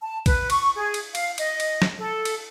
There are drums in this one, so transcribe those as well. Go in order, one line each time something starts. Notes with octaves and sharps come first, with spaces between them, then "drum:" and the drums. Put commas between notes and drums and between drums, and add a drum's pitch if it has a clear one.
A5
B4, drum: kick, cymbal
C#6, drum: cymbal
G#4
drum: cymbal
F5, drum: cymbal
D#5, drum: cymbal
drum: cymbal
drum: snare
A4
drum: cymbal